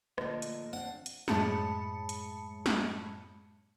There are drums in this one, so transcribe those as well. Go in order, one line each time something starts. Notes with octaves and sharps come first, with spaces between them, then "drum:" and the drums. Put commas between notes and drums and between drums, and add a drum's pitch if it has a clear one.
A#2 D3 F3 A3 A#3 D#5, drum: rim click
drum: hi-hat
C4 D4 F#5
drum: hi-hat
F#2 A2 G#3 A5 B5 C#7, drum: snare
drum: hi-hat
drum: snare